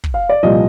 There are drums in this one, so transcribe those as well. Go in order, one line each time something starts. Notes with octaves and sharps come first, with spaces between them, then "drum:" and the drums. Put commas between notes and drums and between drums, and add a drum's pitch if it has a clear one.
drum: kick
F5
D5
C2 A#2 F3 D#5